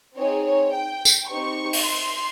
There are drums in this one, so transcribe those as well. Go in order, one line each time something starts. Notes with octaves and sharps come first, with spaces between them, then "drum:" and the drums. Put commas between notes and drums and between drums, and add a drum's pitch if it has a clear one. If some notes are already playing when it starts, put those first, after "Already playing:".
C4 D#4 G#4 C#5
C#5
G5
drum: tambourine
C4 D#4 G4 C#6
drum: open hi-hat
C6